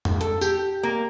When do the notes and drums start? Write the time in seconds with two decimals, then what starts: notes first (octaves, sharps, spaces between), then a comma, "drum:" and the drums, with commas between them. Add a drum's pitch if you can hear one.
0.05 drum: tom F2
0.21 A4, drum: hi-hat
0.41 G4, drum: tambourine
0.83 A#3